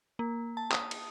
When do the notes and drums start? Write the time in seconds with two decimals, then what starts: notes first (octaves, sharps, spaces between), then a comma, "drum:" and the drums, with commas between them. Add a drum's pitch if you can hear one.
0.19 A#3
0.57 A5
0.72 D#6, drum: clap
0.91 drum: cymbal